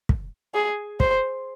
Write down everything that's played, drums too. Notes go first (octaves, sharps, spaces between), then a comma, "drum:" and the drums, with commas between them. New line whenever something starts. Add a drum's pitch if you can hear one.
drum: kick
G#4
C5, drum: kick